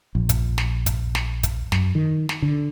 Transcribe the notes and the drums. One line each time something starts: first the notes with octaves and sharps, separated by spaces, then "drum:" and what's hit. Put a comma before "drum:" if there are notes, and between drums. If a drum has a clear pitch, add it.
A#1
drum: kick, hi-hat
drum: snare
drum: kick, hi-hat
drum: snare
drum: kick, hi-hat
F#2, drum: snare
D#3
drum: snare
D3